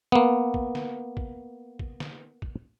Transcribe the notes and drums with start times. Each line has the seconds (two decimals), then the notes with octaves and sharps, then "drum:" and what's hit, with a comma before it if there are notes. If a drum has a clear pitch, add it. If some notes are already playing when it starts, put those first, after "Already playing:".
0.12 A#3 B3
0.54 drum: kick
0.75 drum: snare
1.17 drum: kick
1.79 drum: kick
2.00 drum: snare
2.42 drum: kick